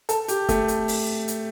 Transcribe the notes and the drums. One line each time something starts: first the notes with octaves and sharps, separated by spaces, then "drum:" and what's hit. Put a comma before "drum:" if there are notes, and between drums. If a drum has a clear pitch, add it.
A4, drum: hi-hat
G4, drum: hi-hat
A3, drum: kick, hi-hat
drum: hi-hat
drum: open hi-hat
drum: hi-hat